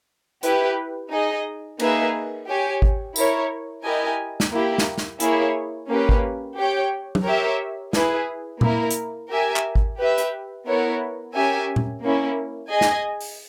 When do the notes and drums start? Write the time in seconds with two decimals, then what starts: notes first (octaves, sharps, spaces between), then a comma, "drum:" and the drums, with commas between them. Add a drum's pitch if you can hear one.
0.43 E4 G4 B4, drum: hi-hat
1.11 D#4 G#4 D#5
1.80 A#3 D#4 G#4 B4 E5, drum: cymbal
2.48 G4 C#5 G#5
2.82 drum: kick G#1
3.16 E4 A#4 C#5, drum: tambourine
3.84 E4 G4 A#4 D#5 G#5
4.40 drum: snare
4.52 A#3 E4 G4
4.78 drum: snare
4.98 drum: snare
5.20 A#3 E4 G#4 C#5, drum: hi-hat
5.88 A#3 C#4 G4 B4
6.09 drum: kick G#1
6.57 G4 C#5 G5
7.15 drum: tom F#3
7.25 G4 A#4 C#5 E5
7.93 E4 G#4 B4, drum: snare
8.61 A#3 E4 A#4, drum: tom A#2
8.90 drum: hi-hat
9.29 G4 A#4 E5 G#5
9.56 drum: clap
9.75 drum: kick G#1
9.98 G4 B4 E5
10.18 drum: hi-hat
10.66 B3 E4 A#4 C#5
11.35 C#4 G4 A#4 E5 G#5
11.76 drum: tom A#2
12.03 A#3 C#4 E4
12.70 G#4 D#5 G#5
12.81 drum: snare
13.21 drum: open hi-hat